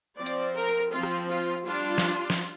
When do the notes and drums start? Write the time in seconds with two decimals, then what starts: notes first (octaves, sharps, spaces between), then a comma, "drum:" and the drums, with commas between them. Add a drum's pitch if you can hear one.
0.17 F3 C4 D5
0.26 drum: hi-hat
0.54 A#4
0.91 F3 C4 F4
1.03 drum: rim click
1.28 F4
1.65 G3 D4 F4
1.98 drum: snare
2.30 drum: snare